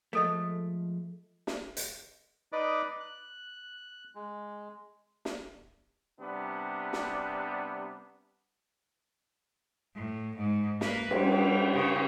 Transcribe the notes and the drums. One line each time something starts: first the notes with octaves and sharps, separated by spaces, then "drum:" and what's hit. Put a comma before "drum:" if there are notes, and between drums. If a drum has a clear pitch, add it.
F3 G#3 A3 G#4 A4 D#5
drum: snare
drum: hi-hat
D#4 B4 D5 D#5 D6
F#6
G#3
drum: snare
C3 G3 B3 D4
drum: snare
A2
G#2
A#3 B4, drum: snare
G3, drum: cymbal
C#3